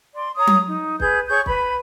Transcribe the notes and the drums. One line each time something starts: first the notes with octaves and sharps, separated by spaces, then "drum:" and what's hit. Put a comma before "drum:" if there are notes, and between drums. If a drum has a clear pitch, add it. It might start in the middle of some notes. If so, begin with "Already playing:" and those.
D5 C6
C#5 A#5 D#6
drum: tom F#3
D#4
G#4 B4 G6, drum: kick
G#4 C#5 C#6 G6
B4 B5, drum: kick